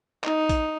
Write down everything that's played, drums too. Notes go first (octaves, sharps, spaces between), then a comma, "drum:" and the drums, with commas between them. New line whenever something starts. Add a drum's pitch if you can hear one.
D#4, drum: clap
drum: kick A#1, hi-hat